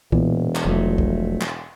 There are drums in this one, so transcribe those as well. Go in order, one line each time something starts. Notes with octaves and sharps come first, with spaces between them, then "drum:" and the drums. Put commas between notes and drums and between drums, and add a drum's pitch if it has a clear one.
E1 A#2 E3 B3, drum: kick B1
drum: clap
F1 F3 F#3 A3
drum: kick B1
drum: clap